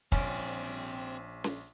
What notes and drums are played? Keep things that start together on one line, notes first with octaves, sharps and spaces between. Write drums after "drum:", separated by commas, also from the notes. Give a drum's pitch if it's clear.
A#1 C4 C#4 D5, drum: kick
drum: snare C#4